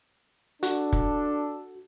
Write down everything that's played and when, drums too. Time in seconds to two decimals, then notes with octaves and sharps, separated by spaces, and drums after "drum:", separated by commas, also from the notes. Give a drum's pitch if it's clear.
0.63 D4 F#4 A4, drum: hi-hat
0.93 drum: kick